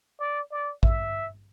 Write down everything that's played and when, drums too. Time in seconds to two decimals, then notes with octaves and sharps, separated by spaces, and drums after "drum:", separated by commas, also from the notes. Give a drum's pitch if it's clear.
0.19 D5
0.51 D5
0.83 E5, drum: kick A1